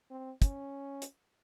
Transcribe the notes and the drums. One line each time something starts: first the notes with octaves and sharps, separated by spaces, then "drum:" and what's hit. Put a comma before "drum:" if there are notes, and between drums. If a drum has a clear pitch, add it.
C4
C#4, drum: kick, hi-hat
drum: hi-hat